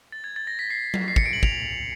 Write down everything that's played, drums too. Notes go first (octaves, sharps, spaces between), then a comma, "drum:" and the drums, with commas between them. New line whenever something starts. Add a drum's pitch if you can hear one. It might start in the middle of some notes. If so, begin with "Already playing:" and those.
A6
G#6
A6
A#6
B6
C7
drum: tom F#3
C7
C#7, drum: kick
D7
F#7
F7, drum: kick